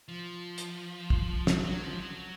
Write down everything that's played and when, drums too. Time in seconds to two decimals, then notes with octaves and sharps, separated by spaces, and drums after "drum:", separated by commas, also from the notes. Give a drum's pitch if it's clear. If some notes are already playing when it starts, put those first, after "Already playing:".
0.08 F3
0.58 drum: hi-hat
1.10 drum: kick
1.47 F#3, drum: snare
1.65 F#3
1.82 F3
2.00 F#3